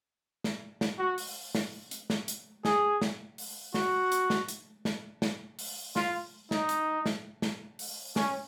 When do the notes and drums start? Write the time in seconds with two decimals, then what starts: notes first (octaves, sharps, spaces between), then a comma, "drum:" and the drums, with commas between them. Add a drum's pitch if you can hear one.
0.44 drum: snare
0.81 drum: snare
0.99 F#4
1.18 drum: open hi-hat
1.55 drum: snare
1.91 drum: hi-hat
2.10 drum: snare
2.28 drum: hi-hat
2.65 G#4, drum: snare
3.02 drum: snare
3.38 drum: open hi-hat
3.74 F#4, drum: snare
4.12 drum: hi-hat
4.30 drum: snare
4.48 drum: hi-hat
4.85 drum: snare
5.22 drum: snare
5.59 drum: open hi-hat
5.96 F4, drum: snare
6.51 D#4, drum: snare
6.69 drum: hi-hat
7.06 drum: snare
7.42 drum: snare
7.79 drum: open hi-hat
8.16 C#4, drum: snare